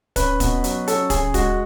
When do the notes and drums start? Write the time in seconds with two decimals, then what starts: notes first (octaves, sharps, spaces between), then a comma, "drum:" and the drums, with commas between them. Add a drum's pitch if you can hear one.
0.16 C#4 B4, drum: kick, hi-hat
0.40 B2, drum: kick, hi-hat
0.64 F#3, drum: hi-hat
0.88 C#4 A4, drum: hi-hat
1.10 C#3 G#4, drum: kick, hi-hat
1.34 G#3 F#4, drum: kick, hi-hat